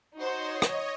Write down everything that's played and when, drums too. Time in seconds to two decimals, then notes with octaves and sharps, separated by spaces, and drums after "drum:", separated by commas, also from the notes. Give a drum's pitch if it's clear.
0.18 D#4 F#4 C5 C#5 D#5
0.62 drum: rim click